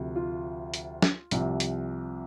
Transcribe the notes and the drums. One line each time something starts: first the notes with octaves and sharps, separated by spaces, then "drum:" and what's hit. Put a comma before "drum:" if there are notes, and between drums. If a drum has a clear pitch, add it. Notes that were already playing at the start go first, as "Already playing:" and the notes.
Already playing: D2 C3 F3
F4
drum: hi-hat
drum: snare
C2 C3 F3, drum: hi-hat
drum: hi-hat